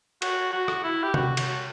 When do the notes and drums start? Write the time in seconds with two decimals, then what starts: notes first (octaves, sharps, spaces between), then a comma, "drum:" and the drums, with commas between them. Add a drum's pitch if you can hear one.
0.22 F#4, drum: cymbal
0.53 F#4
0.68 drum: rim click
0.84 E4
1.03 G4
1.14 F#4, drum: tom C3
1.37 drum: cymbal